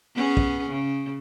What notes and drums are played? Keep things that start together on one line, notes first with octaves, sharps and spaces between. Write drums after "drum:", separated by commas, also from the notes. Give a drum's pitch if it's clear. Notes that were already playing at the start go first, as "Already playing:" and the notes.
B3 C#4 G#4
drum: kick
C#3